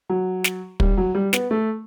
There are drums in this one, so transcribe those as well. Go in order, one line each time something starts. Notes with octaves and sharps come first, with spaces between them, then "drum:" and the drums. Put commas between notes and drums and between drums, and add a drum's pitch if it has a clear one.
F#3
drum: snare
G3, drum: kick
F#3
G3
B3, drum: snare
A3